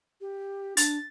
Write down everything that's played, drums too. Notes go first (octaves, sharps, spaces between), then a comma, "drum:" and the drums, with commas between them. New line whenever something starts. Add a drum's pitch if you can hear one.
G4
D4 A6, drum: hi-hat